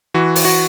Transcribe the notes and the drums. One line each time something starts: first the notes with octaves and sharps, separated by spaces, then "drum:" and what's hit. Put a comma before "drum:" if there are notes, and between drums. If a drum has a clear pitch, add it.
E3 F#4
drum: open hi-hat
F#4